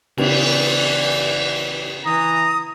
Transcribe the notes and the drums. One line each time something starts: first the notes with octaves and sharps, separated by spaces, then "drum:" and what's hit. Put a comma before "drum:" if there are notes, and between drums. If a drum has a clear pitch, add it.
C#3 E3 B3 D4 D5, drum: cymbal
E3 A#5 D#6